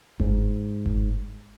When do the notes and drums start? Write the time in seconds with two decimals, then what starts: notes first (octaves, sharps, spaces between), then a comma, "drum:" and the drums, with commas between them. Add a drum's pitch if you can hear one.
0.20 G#2, drum: kick G1
0.86 drum: kick G1